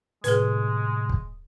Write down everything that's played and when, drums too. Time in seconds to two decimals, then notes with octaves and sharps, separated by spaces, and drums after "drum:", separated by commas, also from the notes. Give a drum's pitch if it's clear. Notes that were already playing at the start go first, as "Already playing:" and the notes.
0.24 A2 C3 D#3 G#3 G#4 B4, drum: hi-hat
1.09 drum: kick